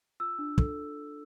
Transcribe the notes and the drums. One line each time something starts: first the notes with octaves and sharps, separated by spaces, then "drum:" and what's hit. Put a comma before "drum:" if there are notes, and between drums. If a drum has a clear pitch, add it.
F4 E6
D4
A4, drum: kick